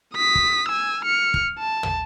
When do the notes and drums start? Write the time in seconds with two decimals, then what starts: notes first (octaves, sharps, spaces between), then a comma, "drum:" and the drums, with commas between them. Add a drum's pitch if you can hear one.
0.15 D#6 B6
0.35 drum: kick
0.69 G#5 E6
1.05 F6 C#7
1.34 drum: kick
1.59 A5
1.83 drum: tom